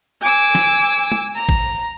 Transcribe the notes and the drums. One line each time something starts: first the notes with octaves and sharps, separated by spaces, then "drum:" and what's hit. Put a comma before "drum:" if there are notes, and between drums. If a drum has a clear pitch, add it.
G#5 D6 E6
drum: snare
drum: tom
A#5
drum: kick